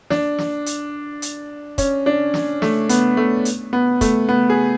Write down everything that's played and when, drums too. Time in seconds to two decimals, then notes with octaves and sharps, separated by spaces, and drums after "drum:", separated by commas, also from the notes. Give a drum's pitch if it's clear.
0.10 D4, drum: snare
0.38 drum: snare
0.66 drum: hi-hat
1.22 drum: hi-hat
1.78 C#4, drum: kick, hi-hat
2.06 D4
2.34 drum: snare
2.62 A3, drum: snare
2.89 B3, drum: hi-hat
3.17 A3
3.45 drum: hi-hat
3.73 B3
4.01 A3, drum: kick, hi-hat
4.29 B3
4.50 G#4